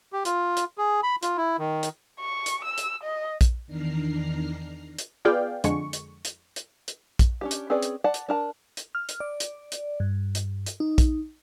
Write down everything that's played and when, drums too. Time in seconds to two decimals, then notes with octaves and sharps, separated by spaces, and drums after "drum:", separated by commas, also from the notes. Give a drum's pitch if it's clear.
0.13 G4
0.25 F4, drum: hi-hat
0.57 drum: hi-hat
0.78 G#4
1.03 B5
1.23 F4, drum: hi-hat
1.37 E4
1.59 D#3
1.83 drum: hi-hat
2.20 C#6
2.46 drum: hi-hat
2.65 E6
2.78 drum: hi-hat
3.04 D#5
3.41 drum: kick, hi-hat
3.66 E2 D#3 D4 A#5 F6 C7
4.99 drum: hi-hat
5.25 B3 F4 G#4 D5 F5 G5
5.64 F2 D3 G#3 C#6, drum: hi-hat
5.93 drum: hi-hat
6.25 drum: hi-hat
6.56 drum: hi-hat
6.88 drum: hi-hat
7.19 drum: kick, hi-hat
7.41 C#4 D4 G4
7.51 drum: hi-hat
7.70 C4 C#4 G#4 B4 D5
7.83 drum: hi-hat
8.04 D5 F#5 A5
8.14 drum: hi-hat
8.29 D4 A#4 A5
8.77 drum: hi-hat
8.95 F6
9.09 drum: hi-hat
9.20 D5
9.40 drum: hi-hat
9.72 drum: hi-hat
10.00 G2
10.35 drum: hi-hat
10.66 drum: hi-hat
10.80 D#4
10.98 drum: kick, hi-hat